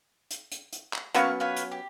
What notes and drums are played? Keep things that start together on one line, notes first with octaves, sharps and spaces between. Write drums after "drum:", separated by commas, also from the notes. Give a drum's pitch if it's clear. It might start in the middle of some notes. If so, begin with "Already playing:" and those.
drum: hi-hat
drum: hi-hat
drum: hi-hat
drum: clap
F#3 A#3 B3 C#4 F5 C#6, drum: hi-hat
F4 B4 C#5
drum: hi-hat
G4